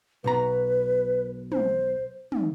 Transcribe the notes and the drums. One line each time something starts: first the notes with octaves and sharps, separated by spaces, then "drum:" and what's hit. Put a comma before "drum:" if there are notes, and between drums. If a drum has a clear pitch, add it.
B1 B2 B4 A#5
C5, drum: tom
D#4, drum: tom